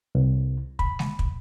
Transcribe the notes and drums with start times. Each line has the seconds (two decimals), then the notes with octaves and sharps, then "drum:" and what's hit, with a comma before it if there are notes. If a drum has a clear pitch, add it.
0.15 C2
0.79 B5, drum: kick
0.99 drum: snare G#3
1.19 drum: kick